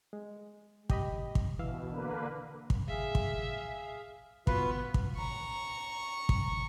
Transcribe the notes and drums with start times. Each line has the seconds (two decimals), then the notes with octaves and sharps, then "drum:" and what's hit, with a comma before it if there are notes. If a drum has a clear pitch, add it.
0.13 G#3
0.90 G4 D#5 B5, drum: kick
1.35 drum: kick
1.59 B2 E3 F5 E6
1.89 D3 A#3 B4
2.70 drum: kick
2.89 G#4 E5 F5
3.15 drum: kick
4.47 B3 F4 F#4 B4 F5, drum: kick
4.94 drum: kick
5.17 A#5 C#6
6.29 drum: kick